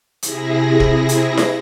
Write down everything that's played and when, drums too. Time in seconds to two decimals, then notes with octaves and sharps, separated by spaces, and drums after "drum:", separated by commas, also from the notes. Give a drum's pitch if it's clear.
0.23 C3 E4 G#4 A#6, drum: hi-hat
0.80 drum: kick
1.09 drum: hi-hat
1.37 drum: snare E4